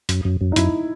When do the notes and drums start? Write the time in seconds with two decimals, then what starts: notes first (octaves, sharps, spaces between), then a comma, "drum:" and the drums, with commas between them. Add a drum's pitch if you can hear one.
0.09 F#2, drum: hi-hat
0.25 F#2
0.41 F#2
0.52 D#4
0.56 F#2 E4, drum: hi-hat